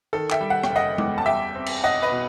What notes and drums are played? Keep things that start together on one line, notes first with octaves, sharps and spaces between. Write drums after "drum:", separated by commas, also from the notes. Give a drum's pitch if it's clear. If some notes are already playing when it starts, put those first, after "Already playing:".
D#3 A4
E5 G5, drum: clap
G3
F#5
G5, drum: rim click
F#1
D#5 F#5
E2, drum: tom G#3
A5
G3 E5 G5
C4
drum: cymbal
B1 D#5 F#5
B4 D#5
B2